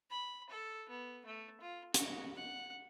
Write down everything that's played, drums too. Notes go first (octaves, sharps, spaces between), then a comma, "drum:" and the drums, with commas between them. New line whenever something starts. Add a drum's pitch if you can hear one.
B5
A4
B3
A3
F4
F#4, drum: hi-hat
F#5